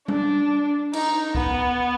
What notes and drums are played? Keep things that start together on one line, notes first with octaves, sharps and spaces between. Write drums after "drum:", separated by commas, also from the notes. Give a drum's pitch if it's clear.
D4, drum: tom G3
D#4, drum: cymbal
B3, drum: kick C2